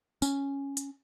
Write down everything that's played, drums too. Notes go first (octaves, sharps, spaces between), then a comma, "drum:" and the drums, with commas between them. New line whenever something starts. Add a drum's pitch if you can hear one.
C#4, drum: tambourine
drum: hi-hat